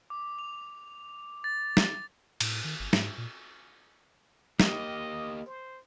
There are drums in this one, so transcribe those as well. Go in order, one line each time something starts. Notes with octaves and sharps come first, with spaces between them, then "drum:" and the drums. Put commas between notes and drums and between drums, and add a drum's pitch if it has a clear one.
D6
F7
A6
drum: snare
A2, drum: cymbal
D#3
G1
G#2, drum: snare
A#2
A#3 G4 D#5, drum: snare
C5